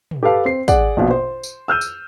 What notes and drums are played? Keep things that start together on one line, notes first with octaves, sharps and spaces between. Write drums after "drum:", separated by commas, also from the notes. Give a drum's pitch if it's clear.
drum: tom
G4 A4 B4 F5 A5
C4 C7
G#4 D5 F#5, drum: kick, tambourine
A#1 B2 F5
C5
drum: tambourine
E6 F6 G6 D#7
drum: tambourine